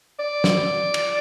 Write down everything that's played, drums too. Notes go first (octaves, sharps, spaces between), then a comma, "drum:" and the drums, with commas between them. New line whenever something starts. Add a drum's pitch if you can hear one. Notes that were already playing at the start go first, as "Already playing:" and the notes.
D5
drum: snare
drum: cymbal